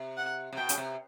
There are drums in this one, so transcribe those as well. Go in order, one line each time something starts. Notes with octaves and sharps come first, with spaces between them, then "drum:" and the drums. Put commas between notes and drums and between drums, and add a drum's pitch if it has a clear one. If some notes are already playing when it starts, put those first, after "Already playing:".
Already playing: C3
F#5
C3
B2 G5
C#3, drum: hi-hat
C3